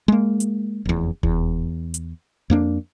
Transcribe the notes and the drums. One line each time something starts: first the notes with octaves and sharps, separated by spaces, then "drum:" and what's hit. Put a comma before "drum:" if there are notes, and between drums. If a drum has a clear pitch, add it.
G#3 A#3
drum: hi-hat
F1 E2
E2, drum: kick F1
drum: hi-hat
F2 A#3 D4